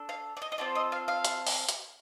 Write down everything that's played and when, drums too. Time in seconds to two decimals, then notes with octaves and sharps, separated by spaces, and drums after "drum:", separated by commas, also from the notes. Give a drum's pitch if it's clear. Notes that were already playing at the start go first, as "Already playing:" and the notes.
Already playing: D4 A4
0.09 F5
0.37 D5
0.42 D#5
0.52 D#5
0.58 C4 F4 A4 D5
0.75 D#5
0.92 F5
1.08 F5
1.25 drum: hi-hat
1.47 drum: open hi-hat
1.69 drum: hi-hat